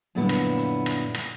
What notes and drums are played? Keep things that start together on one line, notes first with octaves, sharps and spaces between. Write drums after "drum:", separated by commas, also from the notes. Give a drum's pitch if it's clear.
F#2 A#2 D3 G3 B3 E4
drum: rim click
drum: hi-hat
drum: rim click
drum: rim click